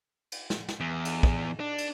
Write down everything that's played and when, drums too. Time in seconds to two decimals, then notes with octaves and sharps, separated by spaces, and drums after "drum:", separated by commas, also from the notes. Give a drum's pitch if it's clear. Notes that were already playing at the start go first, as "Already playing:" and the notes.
0.32 drum: cymbal
0.50 drum: snare
0.68 drum: snare
0.80 E2
1.05 drum: cymbal
1.23 drum: kick
1.60 D4
1.78 drum: cymbal